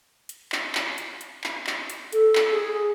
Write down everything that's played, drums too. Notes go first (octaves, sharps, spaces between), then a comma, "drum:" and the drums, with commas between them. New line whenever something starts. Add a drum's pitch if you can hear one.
drum: hi-hat
drum: clap
drum: clap
drum: hi-hat
drum: hi-hat
drum: clap
drum: clap
drum: hi-hat
A4, drum: hi-hat
drum: clap
G#4